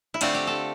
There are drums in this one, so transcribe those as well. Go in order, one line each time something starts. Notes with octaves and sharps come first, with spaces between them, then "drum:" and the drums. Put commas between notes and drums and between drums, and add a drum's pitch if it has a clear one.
E4
D3 A3 C4 F4, drum: cymbal
G4
A4